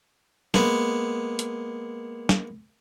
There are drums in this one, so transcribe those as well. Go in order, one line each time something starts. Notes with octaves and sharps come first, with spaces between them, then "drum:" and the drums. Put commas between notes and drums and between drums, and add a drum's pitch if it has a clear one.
G#3 A#3 B3, drum: snare
drum: hi-hat
drum: snare